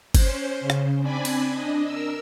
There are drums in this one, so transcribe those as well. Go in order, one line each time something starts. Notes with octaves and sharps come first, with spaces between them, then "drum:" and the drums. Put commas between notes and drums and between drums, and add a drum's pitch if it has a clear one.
C#4 C5, drum: kick G1, cymbal
C#3
drum: rim click
C4 D4 D5 G#5 B5
drum: cymbal
D4 D#5
A#4 E6